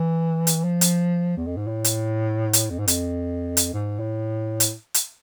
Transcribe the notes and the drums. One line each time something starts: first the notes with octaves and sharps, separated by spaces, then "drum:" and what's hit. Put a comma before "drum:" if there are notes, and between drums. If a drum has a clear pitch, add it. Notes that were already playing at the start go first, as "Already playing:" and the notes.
Already playing: E3
drum: hi-hat
F3
drum: hi-hat
E2
F2
G#2
A2
drum: hi-hat
drum: hi-hat
F2
G#2
F2, drum: hi-hat
drum: hi-hat
G#2
A2
drum: hi-hat
drum: hi-hat